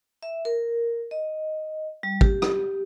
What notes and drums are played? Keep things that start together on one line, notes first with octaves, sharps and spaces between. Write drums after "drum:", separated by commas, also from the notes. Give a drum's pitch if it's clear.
E5
A#4
D#5
G3
G4, drum: kick
drum: rim click